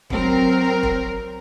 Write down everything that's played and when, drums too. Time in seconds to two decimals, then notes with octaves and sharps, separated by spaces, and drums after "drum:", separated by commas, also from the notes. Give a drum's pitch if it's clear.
0.10 F#3 C4 A#4, drum: kick E1
0.83 drum: kick E1